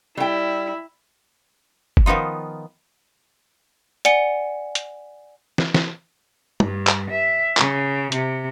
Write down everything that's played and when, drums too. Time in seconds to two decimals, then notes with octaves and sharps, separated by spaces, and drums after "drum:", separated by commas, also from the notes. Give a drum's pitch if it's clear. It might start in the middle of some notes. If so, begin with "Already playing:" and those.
0.17 G3 E4 G5
1.97 drum: kick F#1
2.06 D#3 F3 B3 D#4 F4
4.05 D5 F#5 G#5 C#7 G7, drum: hi-hat
4.75 drum: hi-hat
5.58 drum: snare
5.74 drum: snare
6.60 G2, drum: tom
6.87 drum: clap
7.09 E5
7.57 C#3, drum: clap
8.12 C3, drum: hi-hat